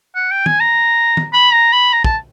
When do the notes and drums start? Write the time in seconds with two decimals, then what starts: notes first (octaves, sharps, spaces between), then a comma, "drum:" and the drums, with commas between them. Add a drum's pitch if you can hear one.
0.16 F#5
0.31 G5
0.46 G#5, drum: tom
0.60 A#5
1.17 drum: tom
1.33 B5
1.53 A#5
1.73 B5
1.93 A#5
2.04 A5, drum: kick